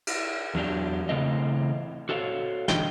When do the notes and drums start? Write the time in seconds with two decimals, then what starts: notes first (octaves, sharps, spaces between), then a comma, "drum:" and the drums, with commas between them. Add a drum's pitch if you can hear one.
0.07 drum: cymbal
0.55 E2 F#3 D4 G4
1.09 C#3 E3 A3 C4 F4 D#5
2.09 F#4 A4 C5 C#5 D#5 F5
2.68 D3 E3 D4 D#5 G5, drum: snare